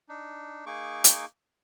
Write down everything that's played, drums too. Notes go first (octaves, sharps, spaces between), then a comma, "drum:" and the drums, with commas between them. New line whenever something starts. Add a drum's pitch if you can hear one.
D4 D#4
A#3 D#4 G#4 C#6 D6
drum: hi-hat